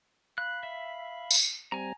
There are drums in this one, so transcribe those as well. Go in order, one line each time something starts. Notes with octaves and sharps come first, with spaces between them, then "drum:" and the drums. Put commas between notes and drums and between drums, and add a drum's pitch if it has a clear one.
F5 B5 F#6
E5
drum: tambourine
G3 C4 G#5 A#5